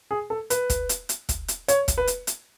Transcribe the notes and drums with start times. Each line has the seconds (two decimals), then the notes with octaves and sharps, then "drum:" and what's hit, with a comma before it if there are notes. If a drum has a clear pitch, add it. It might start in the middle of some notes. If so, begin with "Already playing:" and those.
0.11 G#4
0.30 A4
0.50 B4, drum: hi-hat
0.70 drum: kick, hi-hat
0.89 drum: hi-hat
1.09 drum: hi-hat
1.29 drum: kick, hi-hat
1.48 drum: hi-hat
1.68 C#5, drum: hi-hat
1.88 drum: kick, hi-hat
1.98 B4
2.07 drum: hi-hat
2.27 drum: hi-hat